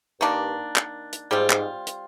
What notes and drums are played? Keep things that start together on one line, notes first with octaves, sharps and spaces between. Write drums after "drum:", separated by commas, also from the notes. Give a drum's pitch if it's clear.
G2 D#3 A#3 D4
drum: clap
drum: hi-hat
G#2 G3 C4 F4
drum: clap
drum: hi-hat